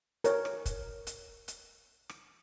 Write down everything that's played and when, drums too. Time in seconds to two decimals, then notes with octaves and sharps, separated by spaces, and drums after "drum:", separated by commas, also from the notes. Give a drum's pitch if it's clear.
0.24 A#4 C#5, drum: hi-hat
0.45 drum: rim click
0.66 drum: kick, hi-hat
1.07 drum: hi-hat
1.48 drum: hi-hat
2.09 drum: rim click